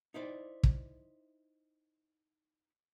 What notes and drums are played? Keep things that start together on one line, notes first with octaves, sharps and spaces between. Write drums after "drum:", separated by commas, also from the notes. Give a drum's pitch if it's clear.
D#4 E4 C5 D5
drum: kick